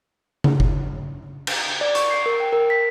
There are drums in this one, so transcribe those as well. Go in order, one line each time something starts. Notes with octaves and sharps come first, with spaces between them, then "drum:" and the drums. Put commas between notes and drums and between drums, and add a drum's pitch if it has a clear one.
drum: tom C#3
drum: kick F#1
drum: cymbal
D5
C#6, drum: hi-hat
C7
A#4
G5
A#4
B6